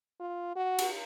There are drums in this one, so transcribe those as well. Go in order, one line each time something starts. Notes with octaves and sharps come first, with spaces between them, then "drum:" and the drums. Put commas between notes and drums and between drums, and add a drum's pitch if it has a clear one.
F4
F#4
drum: cymbal